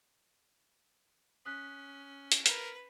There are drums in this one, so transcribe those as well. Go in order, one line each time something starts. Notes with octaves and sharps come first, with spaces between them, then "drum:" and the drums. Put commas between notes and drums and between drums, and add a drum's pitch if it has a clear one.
C#4 D#6 F#6 B6
drum: hi-hat
A#4 B4, drum: hi-hat